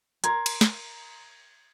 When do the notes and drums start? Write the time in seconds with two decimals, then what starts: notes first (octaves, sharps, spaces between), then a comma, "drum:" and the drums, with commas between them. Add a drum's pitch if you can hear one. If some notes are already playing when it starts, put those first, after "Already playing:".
0.24 A#4 A#5 C6 G#6, drum: hi-hat
0.46 drum: cymbal
0.61 drum: snare